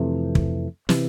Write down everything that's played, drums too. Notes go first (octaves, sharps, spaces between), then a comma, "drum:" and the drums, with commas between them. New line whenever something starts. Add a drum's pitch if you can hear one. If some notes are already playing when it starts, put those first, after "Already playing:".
Already playing: F2 C3 E3 A3
drum: kick
C3 E3, drum: snare